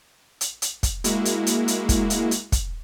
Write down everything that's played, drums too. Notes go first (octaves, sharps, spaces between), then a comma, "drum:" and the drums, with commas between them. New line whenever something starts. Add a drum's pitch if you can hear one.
drum: hi-hat
drum: hi-hat
drum: kick, hi-hat
G#3 A#3 E4 F#4, drum: hi-hat
drum: hi-hat
drum: hi-hat
drum: hi-hat
drum: kick, hi-hat
drum: hi-hat
drum: hi-hat
drum: kick, hi-hat